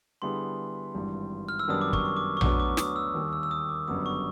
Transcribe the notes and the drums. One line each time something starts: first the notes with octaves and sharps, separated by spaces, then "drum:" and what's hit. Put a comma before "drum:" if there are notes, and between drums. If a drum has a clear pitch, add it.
D3 G3 B3 E4 G#4 C6
G#1 G2 E3 G3
F6
E6
F#2 D#3 G3 B3 D4 D#6
D6
C#6, drum: kick
C#6
D6
C#6
D2 D3 F#3 B3 D4 D6, drum: tom A#1
D6
D#6, drum: snare
E6
D#2 D#3 G3 A#3
E6
E6
D#6
D6
G1 F#2 D3 G3 B3 D#6
C#6